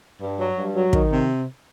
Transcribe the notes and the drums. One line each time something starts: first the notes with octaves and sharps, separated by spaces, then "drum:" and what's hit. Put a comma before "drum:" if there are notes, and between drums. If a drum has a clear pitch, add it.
G2
F#3
G2
F#3
D#3, drum: kick
C3